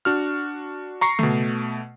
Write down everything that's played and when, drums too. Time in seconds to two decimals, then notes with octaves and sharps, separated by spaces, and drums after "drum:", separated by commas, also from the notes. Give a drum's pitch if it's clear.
0.05 D4 F#4 F6
1.01 A#5 C#6 C7, drum: hi-hat
1.19 B2 A3, drum: tom C#3